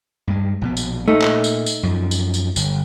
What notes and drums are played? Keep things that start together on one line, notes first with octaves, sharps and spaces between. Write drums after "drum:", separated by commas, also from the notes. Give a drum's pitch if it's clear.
G2 G#3
A#1 B2 B3
drum: tambourine
A#2 A3 D#4
drum: clap
drum: tambourine
drum: tambourine
F#2 F3
drum: tambourine
drum: tambourine
G1, drum: tambourine